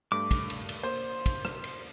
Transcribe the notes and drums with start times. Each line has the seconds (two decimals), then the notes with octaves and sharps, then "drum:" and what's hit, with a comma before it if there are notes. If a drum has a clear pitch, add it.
0.12 G2 A3 D6
0.31 drum: kick, cymbal
0.50 drum: cymbal
0.69 drum: cymbal
0.83 A#3 C5
1.26 drum: kick, cymbal
1.45 drum: rim click
1.64 drum: cymbal